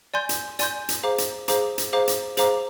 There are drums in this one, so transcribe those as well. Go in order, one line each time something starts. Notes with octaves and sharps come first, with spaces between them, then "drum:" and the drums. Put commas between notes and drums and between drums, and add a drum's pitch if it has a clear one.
D5 G#5 C6 G6
drum: hi-hat
D5 G#5 C6 G6, drum: hi-hat
drum: hi-hat
G#4 C5 F5 A#5 D6
drum: hi-hat
G#4 C5 F5 A#5 D6, drum: hi-hat
drum: hi-hat
G#4 C5 F5 A#5 D6
drum: hi-hat
G#4 C5 F5 A#5 D6, drum: hi-hat